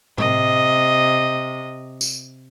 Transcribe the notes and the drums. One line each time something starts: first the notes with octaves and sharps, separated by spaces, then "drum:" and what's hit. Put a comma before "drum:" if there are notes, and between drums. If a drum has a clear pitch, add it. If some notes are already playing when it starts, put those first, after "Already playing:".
C3 D#5, drum: tom A2
drum: tambourine